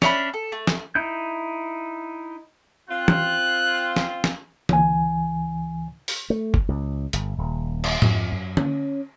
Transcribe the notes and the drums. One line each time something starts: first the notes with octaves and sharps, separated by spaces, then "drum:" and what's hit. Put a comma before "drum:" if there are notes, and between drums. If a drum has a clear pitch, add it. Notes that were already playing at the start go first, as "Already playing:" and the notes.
C#4 D4 E5 B5, drum: snare
A4
A3
drum: snare
D#4 E4 G6
C4 F4 F#6
drum: tom E3
drum: snare
drum: snare
C#2 E3 G#5, drum: tom D3
drum: open hi-hat
A3
drum: kick
C#2
G1, drum: hi-hat
D#1
drum: cymbal
F2, drum: tom G#2
F#2
C#4, drum: tom D3